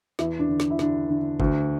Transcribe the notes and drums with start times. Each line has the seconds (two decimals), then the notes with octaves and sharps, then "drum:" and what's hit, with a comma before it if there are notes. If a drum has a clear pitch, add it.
0.19 E2 E4, drum: snare
0.39 D4
0.49 D3
0.60 D4, drum: snare
0.70 E4
0.79 D3 D4, drum: snare
1.10 D3
1.40 D2, drum: kick G#1